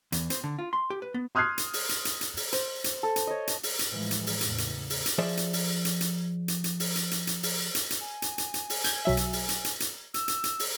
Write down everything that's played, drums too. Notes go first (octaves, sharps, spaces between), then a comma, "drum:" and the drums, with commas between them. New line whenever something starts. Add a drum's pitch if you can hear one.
E2, drum: hi-hat
C4, drum: hi-hat
D3
F4
C6
G4
B4
B3
C6 D#6 F6 F#6 G#6 C7
drum: hi-hat
drum: open hi-hat
drum: hi-hat
drum: hi-hat
drum: hi-hat
drum: open hi-hat
C5, drum: hi-hat
drum: hi-hat
A4
drum: hi-hat
C#5 D#5
drum: hi-hat
drum: open hi-hat
drum: hi-hat
A2 E3 F3 G#3
drum: hi-hat
drum: open hi-hat
E2 A2 C#3, drum: hi-hat
drum: hi-hat
drum: open hi-hat
drum: hi-hat
F3 G#4 C5 D5 E5
drum: hi-hat
drum: open hi-hat
drum: hi-hat
drum: hi-hat
drum: hi-hat
drum: hi-hat
drum: open hi-hat
drum: hi-hat
drum: hi-hat
drum: hi-hat
drum: open hi-hat
drum: hi-hat
drum: hi-hat
G#5
drum: hi-hat
drum: hi-hat
drum: hi-hat
drum: open hi-hat
G6 G#6, drum: hi-hat
B1 F#3 E5
drum: hi-hat
drum: open hi-hat
drum: hi-hat
drum: hi-hat
drum: hi-hat
E6, drum: hi-hat
drum: hi-hat
drum: hi-hat
drum: open hi-hat